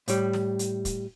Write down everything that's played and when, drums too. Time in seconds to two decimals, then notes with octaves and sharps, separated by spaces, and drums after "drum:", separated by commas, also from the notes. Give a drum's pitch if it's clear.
0.08 A2 G3, drum: hi-hat
0.33 drum: snare
0.59 drum: hi-hat
0.85 drum: kick, hi-hat